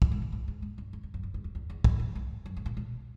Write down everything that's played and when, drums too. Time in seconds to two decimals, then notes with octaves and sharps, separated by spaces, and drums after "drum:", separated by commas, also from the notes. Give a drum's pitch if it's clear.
0.02 A#2, drum: kick
0.11 G#2
0.22 A#2
0.32 G#2
0.48 G#2
0.62 G#2
0.78 G2
0.93 F2
1.03 F2
1.14 F#2
1.23 G2
1.34 G#2
1.44 F2
1.55 E2
1.70 E2
1.84 F#2, drum: kick
1.99 F#2
2.15 F2
2.46 F#2
2.57 G#2
2.66 A#2
2.77 B2